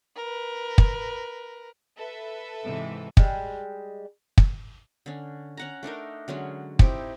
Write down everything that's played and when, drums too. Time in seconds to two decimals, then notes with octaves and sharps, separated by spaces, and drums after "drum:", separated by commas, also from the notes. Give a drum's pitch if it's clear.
0.17 A#4 B4
0.78 drum: kick
1.98 A4 B4 E5
2.63 G#2 C3 E3
3.17 G3 G#3, drum: kick
4.38 drum: kick
5.06 D3 C#4
5.57 C#4 F#5 A#5
5.83 A3 D4 D#4 A#4
6.28 D3 F#3 G#3 C#4
6.79 C4 D#4 E4 G4, drum: kick